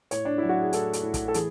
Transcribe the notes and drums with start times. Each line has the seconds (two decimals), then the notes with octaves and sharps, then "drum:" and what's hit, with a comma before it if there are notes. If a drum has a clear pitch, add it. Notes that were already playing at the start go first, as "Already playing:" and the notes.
0.11 A2 C#5, drum: hi-hat
0.25 D4
0.38 F#3 E4
0.49 F#4
0.61 G#4
0.73 A2 A4, drum: hi-hat
0.93 drum: hi-hat
1.03 A2
1.14 drum: kick, hi-hat
1.28 A4
1.34 E3 G#4, drum: hi-hat